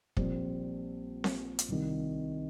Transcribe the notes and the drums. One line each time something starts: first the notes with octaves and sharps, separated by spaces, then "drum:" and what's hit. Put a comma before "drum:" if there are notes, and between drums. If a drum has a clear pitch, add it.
A#1 A#2 G3 C4, drum: kick
drum: snare C4
drum: hi-hat
C2 C3 D#3